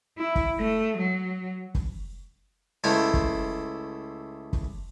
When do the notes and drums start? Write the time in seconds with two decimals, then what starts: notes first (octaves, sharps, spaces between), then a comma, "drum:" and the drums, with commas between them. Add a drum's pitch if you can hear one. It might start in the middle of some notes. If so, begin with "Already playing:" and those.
0.18 E4
0.35 drum: kick F#1
0.59 A3
0.97 F#3
1.75 drum: kick F#1
2.84 C#2 A3 E4 C5 F5 G5
3.14 drum: kick F#1
4.53 drum: kick F#1